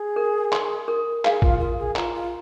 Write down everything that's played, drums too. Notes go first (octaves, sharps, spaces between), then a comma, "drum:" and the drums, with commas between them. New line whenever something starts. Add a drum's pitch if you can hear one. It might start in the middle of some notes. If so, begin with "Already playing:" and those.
Already playing: G#4
A#4
C6, drum: clap
A#4
G#4 F5, drum: clap
F4, drum: kick A1
F4 A#4
G#4
F4 A#5, drum: clap
F4